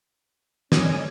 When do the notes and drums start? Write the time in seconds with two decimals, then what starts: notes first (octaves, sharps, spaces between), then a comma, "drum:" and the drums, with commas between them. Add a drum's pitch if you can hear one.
0.72 D3 A3 C#4 D5 D#5 G#5, drum: snare